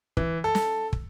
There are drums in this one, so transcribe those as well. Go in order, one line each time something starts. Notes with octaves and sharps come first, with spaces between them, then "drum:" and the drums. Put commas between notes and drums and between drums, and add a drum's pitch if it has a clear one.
E3, drum: kick
A4
drum: snare
drum: kick